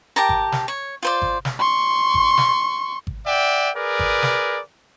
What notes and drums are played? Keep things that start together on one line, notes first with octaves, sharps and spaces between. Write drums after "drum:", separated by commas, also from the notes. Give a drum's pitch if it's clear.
G4 A#4 A5 A#5
drum: kick G#1
drum: snare
C#5
F4 C5 D5
drum: kick G#1
drum: snare
C6 C#6
drum: kick G#1
drum: snare
drum: kick G#1
D5 E5 F#5 G5
G#4 A#4 B4 D5
drum: kick G#1
drum: snare